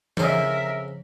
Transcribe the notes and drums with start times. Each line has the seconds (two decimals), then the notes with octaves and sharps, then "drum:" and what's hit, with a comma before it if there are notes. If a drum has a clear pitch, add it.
0.17 F2 C#3 A#4 C5 E5, drum: tom E3